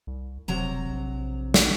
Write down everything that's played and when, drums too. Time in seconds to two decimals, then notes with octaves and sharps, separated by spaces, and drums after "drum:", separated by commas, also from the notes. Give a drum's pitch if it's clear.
0.07 C2
0.48 E1 C3 F#3 A#5
0.90 A#1
1.54 drum: snare